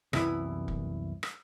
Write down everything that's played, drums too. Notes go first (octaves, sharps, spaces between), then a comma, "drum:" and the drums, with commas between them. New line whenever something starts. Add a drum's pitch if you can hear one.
C2 F#2 E3 B3 E4 B5, drum: rim click
drum: kick
drum: rim click